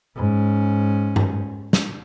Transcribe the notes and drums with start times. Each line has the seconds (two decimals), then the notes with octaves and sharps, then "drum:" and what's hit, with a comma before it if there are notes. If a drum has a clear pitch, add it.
0.16 G#2 C#4
1.16 drum: tom G2
1.73 drum: snare